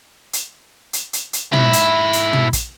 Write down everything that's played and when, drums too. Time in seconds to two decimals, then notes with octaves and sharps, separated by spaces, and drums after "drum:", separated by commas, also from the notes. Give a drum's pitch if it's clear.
0.33 drum: hi-hat
0.93 drum: hi-hat
1.13 drum: hi-hat
1.33 drum: hi-hat
1.53 G#2 E4, drum: tom
1.73 drum: hi-hat
2.13 drum: hi-hat
2.33 drum: tom
2.53 drum: kick, hi-hat